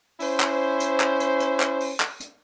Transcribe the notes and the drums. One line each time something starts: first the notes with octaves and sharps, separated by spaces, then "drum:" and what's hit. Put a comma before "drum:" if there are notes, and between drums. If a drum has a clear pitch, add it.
C#4 E4 C5, drum: open hi-hat
drum: clap
drum: hi-hat
drum: clap
drum: hi-hat
drum: hi-hat
drum: clap
drum: open hi-hat
drum: clap
drum: hi-hat